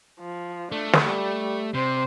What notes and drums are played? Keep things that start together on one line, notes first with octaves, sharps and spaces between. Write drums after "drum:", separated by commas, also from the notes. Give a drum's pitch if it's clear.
F3
A3 D4
drum: snare
G3
C3 C5